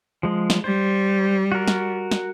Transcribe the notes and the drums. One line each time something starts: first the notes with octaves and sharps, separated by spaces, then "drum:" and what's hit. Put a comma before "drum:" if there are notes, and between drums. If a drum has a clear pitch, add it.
F3 G#3
drum: snare
G3 C5
F#4 A#4
drum: snare
drum: snare